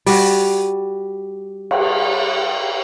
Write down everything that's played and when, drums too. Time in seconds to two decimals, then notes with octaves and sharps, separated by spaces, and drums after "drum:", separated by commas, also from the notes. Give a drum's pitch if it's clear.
0.06 G3 F#4, drum: open hi-hat
1.71 drum: cymbal